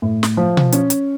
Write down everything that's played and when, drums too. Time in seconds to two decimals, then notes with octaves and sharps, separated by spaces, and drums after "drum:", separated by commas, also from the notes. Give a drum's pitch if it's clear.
0.02 A2
0.23 drum: snare
0.37 F3
0.57 drum: tom B2
0.72 C#4, drum: hi-hat
0.90 drum: hi-hat